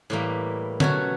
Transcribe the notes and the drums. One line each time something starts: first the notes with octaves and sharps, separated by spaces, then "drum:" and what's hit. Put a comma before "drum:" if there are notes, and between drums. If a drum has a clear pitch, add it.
A2 E3 G3 A#3
B2 F#3 A3 C#4 F#4, drum: tom D3